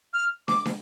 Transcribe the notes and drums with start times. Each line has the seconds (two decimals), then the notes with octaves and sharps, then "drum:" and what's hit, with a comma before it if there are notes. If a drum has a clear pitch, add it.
0.14 F6
0.48 D6, drum: snare
0.66 drum: snare